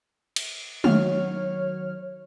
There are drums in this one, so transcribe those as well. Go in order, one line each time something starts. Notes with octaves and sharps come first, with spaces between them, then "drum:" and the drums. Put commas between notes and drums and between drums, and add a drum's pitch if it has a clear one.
drum: cymbal
D#3 F#3 C#5 F6, drum: tom G#3